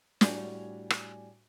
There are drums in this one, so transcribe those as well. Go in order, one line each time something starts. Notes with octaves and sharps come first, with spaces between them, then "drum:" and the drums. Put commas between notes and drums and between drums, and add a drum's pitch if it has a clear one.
A2 G3 D4 F#4 G#5 F7, drum: snare
drum: rim click